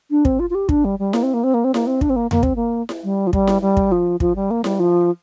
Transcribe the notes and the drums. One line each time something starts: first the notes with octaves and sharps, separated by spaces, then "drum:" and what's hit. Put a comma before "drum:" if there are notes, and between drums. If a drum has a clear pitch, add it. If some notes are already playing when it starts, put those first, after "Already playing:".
D4
C4, drum: kick
F4
F4
G4
D4, drum: kick
G3
G3
A#3, drum: snare E4
C4
A#3
C4
A#3
C4
A#3, drum: snare E4
C4
D4, drum: kick
C4
A#3
A#3, drum: tom E2
C4, drum: kick
A#3
drum: snare E4
G3
F3
G3, drum: kick
drum: snare E4
G3
drum: kick
F3
F3, drum: kick
G3
A#3
G3, drum: snare E4
F3